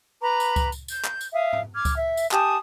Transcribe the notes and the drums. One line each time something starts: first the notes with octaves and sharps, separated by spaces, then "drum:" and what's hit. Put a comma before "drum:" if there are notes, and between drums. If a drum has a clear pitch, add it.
B4 A#5 B5 D6
drum: tambourine
drum: kick C#2, tambourine
drum: tambourine
G6, drum: tambourine
drum: clap
drum: tambourine
E5 F5 D#6
drum: tom G#2
D6 F6 G#6
drum: kick C#2, tambourine
E5
drum: tambourine
G4 G#5 A5 D#6, drum: clap